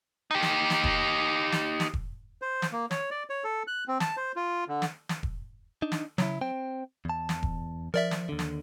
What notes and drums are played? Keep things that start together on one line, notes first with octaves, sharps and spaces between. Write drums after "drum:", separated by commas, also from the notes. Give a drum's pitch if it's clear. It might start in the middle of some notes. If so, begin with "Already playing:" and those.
D#4 G4
drum: snare
drum: snare
drum: kick E1
drum: snare
drum: snare
drum: kick E1
C5
drum: snare
A#3
C#5, drum: snare
D5
C#5
A4
F#6
C4
A5, drum: snare
C5
F4
D3
drum: snare
drum: snare
drum: kick E1
D4 D#4
drum: snare
C#3 F#3 E4, drum: snare
C4 C5 G5
E2 A5
drum: snare
drum: kick E1
F3 A#4 D5 E5
drum: snare
D#2 D3
drum: snare